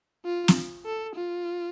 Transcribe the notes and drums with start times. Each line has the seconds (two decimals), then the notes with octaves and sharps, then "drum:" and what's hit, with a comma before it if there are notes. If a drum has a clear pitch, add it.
0.25 F4
0.48 drum: snare
0.86 A4
1.16 F4